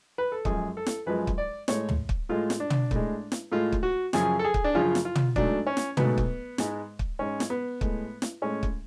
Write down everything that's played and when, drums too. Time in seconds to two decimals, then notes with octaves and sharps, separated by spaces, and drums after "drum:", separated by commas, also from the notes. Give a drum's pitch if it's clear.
0.18 B4
0.32 A4
0.45 F#2 F3 G#3 G#4, drum: kick
0.77 A4
0.86 drum: snare
1.06 F#2 F3 G#3 B4
1.27 drum: kick
1.38 D5
1.68 A2 G#3 C#5, drum: snare
1.89 drum: tom
2.09 drum: kick
2.29 A2 G#3 F4
2.50 drum: snare
2.60 D4
2.70 drum: tom
2.91 A2 G#3, drum: kick
3.32 drum: snare
3.52 A2 G#3 F4
3.72 drum: kick
3.83 F#4
4.13 F#2 C#3 F3 G#4, drum: snare
4.39 A4
4.45 G#4
4.54 drum: kick
4.64 D4
4.74 F#2 C#3 F3 F4
4.95 drum: snare
5.05 F4
5.15 drum: tom
5.36 G#2 F#3 A3 D4, drum: kick
5.67 C#4
5.77 drum: snare
5.97 G#2 F#3 A3 B3, drum: tom
6.18 drum: kick
6.58 G#2 G#3, drum: snare
6.99 drum: kick
7.19 G#2 G#3 C#4
7.40 drum: snare
7.50 B3
7.81 A2 G#3, drum: kick
8.22 drum: snare
8.42 A2 G#3 C#4
8.63 drum: kick